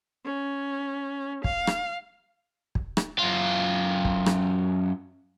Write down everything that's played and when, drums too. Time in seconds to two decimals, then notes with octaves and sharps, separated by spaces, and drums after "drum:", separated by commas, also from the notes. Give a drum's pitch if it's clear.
0.25 C#4
1.44 F5, drum: kick
1.67 drum: rim click
2.75 drum: kick
2.97 drum: rim click
3.18 F#2 F4
4.05 drum: kick
4.26 drum: rim click